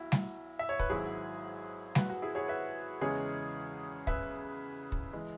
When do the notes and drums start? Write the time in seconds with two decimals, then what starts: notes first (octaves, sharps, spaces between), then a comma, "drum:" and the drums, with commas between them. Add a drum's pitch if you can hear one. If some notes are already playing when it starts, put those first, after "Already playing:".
Already playing: B1 E4 F#4
0.12 drum: snare G3
0.59 E5
0.69 C#5
0.80 B4, drum: kick
0.90 G#1 G#2 F#3 E4 G#4
1.95 F#4 B4, drum: snare G3
2.10 F#4
2.22 E4 G#4
2.35 G#4 C#5
2.48 B4 E5
3.01 E2 C#3 E3 G#3 G#4 C#5
4.07 B4 E5, drum: kick
4.92 drum: kick
5.13 E3 G#3